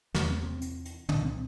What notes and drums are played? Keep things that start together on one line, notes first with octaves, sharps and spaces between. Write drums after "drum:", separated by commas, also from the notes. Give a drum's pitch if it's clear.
E2 C3 A3, drum: snare
C4
C4
drum: hi-hat
drum: hi-hat
C2 A#2 D4, drum: tom
C4